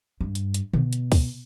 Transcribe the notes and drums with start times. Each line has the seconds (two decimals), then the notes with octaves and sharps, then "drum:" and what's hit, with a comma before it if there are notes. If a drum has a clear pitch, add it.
0.21 G2
0.35 drum: hi-hat
0.54 drum: hi-hat
0.73 B2, drum: tom D3
0.93 drum: hi-hat
1.12 drum: kick, open hi-hat